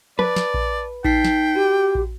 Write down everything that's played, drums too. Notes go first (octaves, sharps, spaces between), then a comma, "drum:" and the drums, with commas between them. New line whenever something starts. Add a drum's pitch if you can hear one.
B4 D5 A5, drum: tom
drum: snare
drum: kick A#1
D#4 G5 B6 C7, drum: kick A#1
drum: snare
F#4 G4
drum: kick A#1